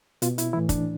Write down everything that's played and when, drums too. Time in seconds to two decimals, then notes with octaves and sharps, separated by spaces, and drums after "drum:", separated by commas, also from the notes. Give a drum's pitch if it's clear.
0.22 B2 F4, drum: hi-hat
0.38 E4, drum: hi-hat
0.53 A2 E3 E4
0.69 D4, drum: kick, hi-hat